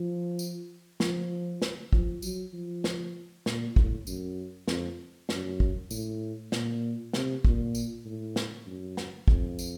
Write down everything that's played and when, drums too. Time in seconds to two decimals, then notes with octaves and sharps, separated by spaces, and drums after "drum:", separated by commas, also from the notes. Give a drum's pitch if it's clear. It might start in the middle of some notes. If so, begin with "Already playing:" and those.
Already playing: F3
0.39 drum: tambourine
1.00 F3, drum: snare
1.62 drum: snare
1.93 F3, drum: kick
2.22 F#3, drum: tambourine
2.53 F3
2.84 drum: snare
3.46 A#2, drum: snare
3.76 A2, drum: kick
4.07 F#2, drum: tambourine
4.68 F2, drum: snare
5.29 F#2, drum: snare
5.60 drum: kick
5.91 A2, drum: tambourine
6.52 A#2, drum: snare
7.13 C3, drum: snare
7.45 A#2, drum: kick
7.75 drum: tambourine
8.05 A2
8.36 drum: snare
8.66 F#2
8.97 drum: snare
9.28 F2, drum: kick
9.59 drum: tambourine